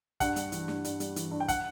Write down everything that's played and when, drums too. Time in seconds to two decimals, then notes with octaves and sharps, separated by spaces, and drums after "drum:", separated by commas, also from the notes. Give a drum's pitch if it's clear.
0.20 G2 F#5, drum: kick, hi-hat
0.36 G3, drum: hi-hat
0.52 E3, drum: hi-hat
0.68 G2, drum: snare
0.85 G2, drum: hi-hat
1.00 G3, drum: hi-hat
1.16 E3, drum: hi-hat
1.31 G2
1.40 G5
1.48 F#5, drum: kick, hi-hat